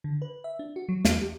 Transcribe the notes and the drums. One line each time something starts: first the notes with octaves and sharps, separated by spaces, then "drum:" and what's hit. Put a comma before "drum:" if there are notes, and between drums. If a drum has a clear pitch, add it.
D3
B4
E5
D4
F#4
F#3
E2, drum: snare
G4